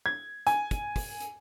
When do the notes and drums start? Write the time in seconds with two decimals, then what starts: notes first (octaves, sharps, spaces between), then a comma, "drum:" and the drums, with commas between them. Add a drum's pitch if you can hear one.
0.06 G#6
0.47 G#5, drum: hi-hat
0.71 drum: kick, hi-hat
0.96 drum: kick, open hi-hat
1.20 drum: hi-hat